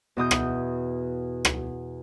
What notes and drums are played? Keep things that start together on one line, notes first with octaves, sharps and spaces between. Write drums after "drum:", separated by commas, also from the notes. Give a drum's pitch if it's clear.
E2 B2 D#6 G6
drum: rim click
drum: rim click